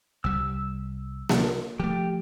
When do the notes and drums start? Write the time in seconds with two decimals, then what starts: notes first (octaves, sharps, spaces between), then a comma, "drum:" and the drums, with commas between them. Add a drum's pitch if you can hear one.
0.24 C2 G3 E6
1.29 drum: snare A#3
1.80 F3 A3 G4